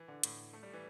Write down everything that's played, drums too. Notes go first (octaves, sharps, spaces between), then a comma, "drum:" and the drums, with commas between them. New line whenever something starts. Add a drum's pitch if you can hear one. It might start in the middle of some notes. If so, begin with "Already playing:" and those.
Already playing: E3
D3
A2, drum: hi-hat
A3
G3
E3